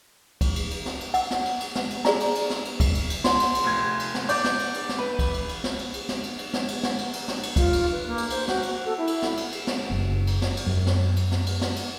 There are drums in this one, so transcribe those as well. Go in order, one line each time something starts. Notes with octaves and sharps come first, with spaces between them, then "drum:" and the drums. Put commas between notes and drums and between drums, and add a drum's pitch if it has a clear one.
drum: kick, cymbal
drum: cymbal
drum: cymbal
drum: snare
drum: cymbal
F#5, drum: cymbal
drum: snare
drum: cymbal
drum: cymbal
drum: snare
drum: cymbal
G#4 D5 A#5, drum: snare
drum: cymbal
drum: cymbal
drum: snare
drum: cymbal
drum: kick, cymbal
drum: cymbal
drum: cymbal
C6, drum: snare
drum: cymbal
drum: cymbal
F1 G#6
drum: cymbal
drum: snare
D5 G6, drum: cymbal
drum: snare
drum: cymbal
drum: cymbal
drum: snare
B4
drum: kick, cymbal
drum: cymbal
drum: cymbal
drum: snare
drum: cymbal
drum: cymbal
drum: snare
drum: cymbal
drum: cymbal
drum: snare
drum: cymbal
drum: snare
drum: cymbal
drum: cymbal
drum: snare
drum: cymbal
F4, drum: kick, cymbal
drum: cymbal
B4
A#3
drum: cymbal
C5, drum: cymbal
F#4, drum: snare
drum: cymbal
A4
E4
drum: cymbal
drum: snare
drum: cymbal
drum: cymbal
drum: snare
F#1
drum: cymbal
drum: snare
drum: cymbal
F#2
drum: snare
drum: cymbal
drum: snare
drum: cymbal
drum: snare
drum: cymbal